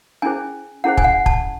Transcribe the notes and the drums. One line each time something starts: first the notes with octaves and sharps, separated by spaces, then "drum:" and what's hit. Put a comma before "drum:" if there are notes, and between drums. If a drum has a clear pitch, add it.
C#4 E4 G#4 C5 G#5
C#4 E4 G#4 C5 F#5
G#5, drum: kick
F#5
A5, drum: kick